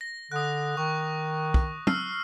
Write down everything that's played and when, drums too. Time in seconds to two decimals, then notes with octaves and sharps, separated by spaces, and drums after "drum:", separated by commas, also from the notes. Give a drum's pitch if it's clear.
0.01 A#6
0.32 D3 D#6 F#6
0.77 D#3 C#6
1.54 drum: kick
1.87 E6 F6 C7, drum: tom